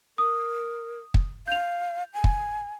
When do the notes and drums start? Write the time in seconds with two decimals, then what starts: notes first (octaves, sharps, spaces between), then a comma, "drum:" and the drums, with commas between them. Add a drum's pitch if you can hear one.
0.18 A#4 D#6
1.14 drum: kick
1.48 F5 G6 F7
2.14 G#5
2.24 drum: kick